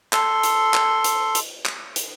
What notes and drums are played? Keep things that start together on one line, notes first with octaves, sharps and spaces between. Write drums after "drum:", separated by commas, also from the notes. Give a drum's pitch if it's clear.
A4 C6, drum: clap
drum: hi-hat
drum: clap
drum: hi-hat
drum: hi-hat
drum: clap
drum: hi-hat